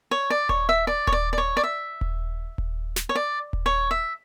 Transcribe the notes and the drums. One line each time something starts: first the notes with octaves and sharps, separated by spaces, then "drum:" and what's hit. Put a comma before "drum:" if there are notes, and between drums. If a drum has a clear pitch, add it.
C#5
D5
C#5, drum: kick D#1
E5
D5
C#5, drum: kick D#1
D5
D5
C#5
D5
E5
drum: kick D#1
drum: kick D#1
drum: snare
C#5
D5
drum: kick D#1
C#5
E5